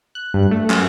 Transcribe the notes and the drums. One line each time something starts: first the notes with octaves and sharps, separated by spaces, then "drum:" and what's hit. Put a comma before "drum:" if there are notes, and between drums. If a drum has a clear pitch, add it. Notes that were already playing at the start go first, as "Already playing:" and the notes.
F#6
G2
A3
F#2, drum: clap